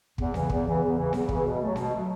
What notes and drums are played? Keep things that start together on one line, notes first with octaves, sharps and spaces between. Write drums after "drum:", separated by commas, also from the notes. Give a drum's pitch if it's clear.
E2, drum: kick
C#3 E3, drum: snare C4
E2, drum: kick
C#3 E3
E2
C#3 E3
E2, drum: snare C4
C#3 E3, drum: kick
B2
F#3 A3
B2, drum: snare C4
F#3 A3